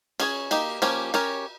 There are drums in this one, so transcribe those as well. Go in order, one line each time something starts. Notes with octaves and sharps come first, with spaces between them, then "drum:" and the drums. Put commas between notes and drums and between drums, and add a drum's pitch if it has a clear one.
C#4 G#4 C#5, drum: cymbal
A#3 D#4 G4, drum: cymbal
F3 A#3 C#4 G4, drum: cymbal
C#4 G4 A#4 C#5, drum: cymbal